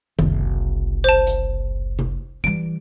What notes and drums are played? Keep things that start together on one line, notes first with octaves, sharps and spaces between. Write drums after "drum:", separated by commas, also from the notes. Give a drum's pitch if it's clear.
F#1 C2, drum: tom D#3
C5 A5
drum: hi-hat
drum: tom C3
E3 G3 D7